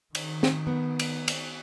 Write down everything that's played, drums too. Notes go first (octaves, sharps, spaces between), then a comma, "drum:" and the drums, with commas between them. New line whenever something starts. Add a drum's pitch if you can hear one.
D#3, drum: cymbal
drum: snare
B3
drum: cymbal
drum: cymbal